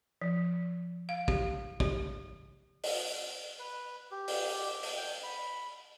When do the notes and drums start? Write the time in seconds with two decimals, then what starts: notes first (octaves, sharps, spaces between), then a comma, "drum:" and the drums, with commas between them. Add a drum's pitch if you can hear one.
0.22 F3
1.09 F5
1.28 G4, drum: kick
1.80 G4, drum: kick
2.83 drum: open hi-hat
3.59 B4
4.11 G4
4.28 drum: open hi-hat
4.83 drum: open hi-hat
4.97 G5
5.23 B5